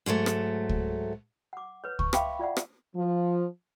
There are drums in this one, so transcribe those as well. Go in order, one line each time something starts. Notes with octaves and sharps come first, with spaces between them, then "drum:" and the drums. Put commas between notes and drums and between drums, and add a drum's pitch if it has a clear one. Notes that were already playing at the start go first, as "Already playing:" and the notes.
G#2 F#3 G#3 A3
drum: rim click
drum: kick C#2
F#5 D6
B4 C#5
C#6, drum: kick C#2
E5 F5 G5 B5 C6 D6, drum: rim click
F4 D5 E5 F#5
drum: rim click
F3